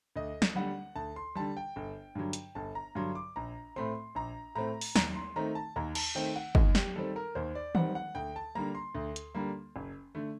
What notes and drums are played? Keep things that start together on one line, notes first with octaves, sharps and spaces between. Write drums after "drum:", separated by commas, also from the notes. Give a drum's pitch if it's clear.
D2 D#5
drum: snare
D3 G3 F#5
D2 A5
C6
D3 G3 A5
G5
G1
G2 D3 F#3
drum: hi-hat
G1 A5
A#5
G2 D3 F#3 C6
D6
A#1 A#5
A2 A3 C4 C6
A#1 A#5
A2 A3 C4 A#5
drum: open hi-hat
D#2 A#5, drum: snare
C6
D#3 A3 C4 A#5
A5
D#2 A#5
A5, drum: cymbal
D#3 A3 C4 G5
F#5
D#2 D#5, drum: kick
G4, drum: snare
D#3 G3 C4 A4
A#4
D#2 C5
D5
D#3 G3 C4 F#5, drum: tom D#3
F#5
D2 G5
A5
D3 G3 A#3 A#5
C6
D2
drum: hi-hat
D3 G3 A#3
F#1
D3 A3